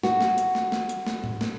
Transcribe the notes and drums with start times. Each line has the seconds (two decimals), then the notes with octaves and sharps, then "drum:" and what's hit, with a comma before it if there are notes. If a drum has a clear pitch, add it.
0.03 F#4, drum: snare
0.21 drum: snare
0.38 drum: hi-hat
0.55 drum: snare
0.72 drum: snare
0.89 drum: hi-hat
1.07 drum: snare
1.24 drum: tom
1.41 drum: snare